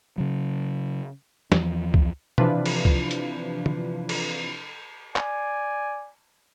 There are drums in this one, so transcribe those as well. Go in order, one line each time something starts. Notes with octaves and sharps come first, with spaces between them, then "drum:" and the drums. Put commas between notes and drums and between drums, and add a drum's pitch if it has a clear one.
C#3 F#3
E2 E3 F3, drum: snare
drum: kick C2
C3 E3 F3 D4 F4 B4, drum: tom B2
drum: cymbal
drum: kick C2
drum: hi-hat
drum: tom
drum: cymbal
D5 G#5, drum: clap